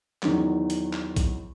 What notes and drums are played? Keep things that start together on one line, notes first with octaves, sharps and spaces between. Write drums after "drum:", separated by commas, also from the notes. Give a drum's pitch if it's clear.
E2 D#3 F#3, drum: clap
drum: hi-hat
drum: clap
drum: kick A#1, hi-hat